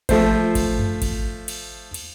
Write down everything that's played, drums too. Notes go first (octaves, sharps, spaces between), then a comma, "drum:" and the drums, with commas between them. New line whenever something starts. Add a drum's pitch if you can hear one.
F3 A3 C5, drum: kick G#1, cymbal
drum: kick G#1, cymbal
drum: tom F#2
drum: kick G#1, cymbal
drum: cymbal
drum: cymbal